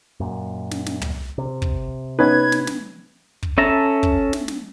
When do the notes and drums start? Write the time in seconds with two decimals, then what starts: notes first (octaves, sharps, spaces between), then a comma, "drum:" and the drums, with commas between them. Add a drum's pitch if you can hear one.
0.20 F#2 A#2
0.71 drum: snare
0.86 drum: snare
1.01 drum: tom
1.38 C3
1.62 drum: kick
2.19 B3 C#4 D#4 B4 G#6
2.52 drum: snare
2.67 drum: snare
3.43 drum: kick
3.58 C#4 A4 E5 A5 A#5
4.03 drum: kick
4.33 drum: snare
4.48 drum: snare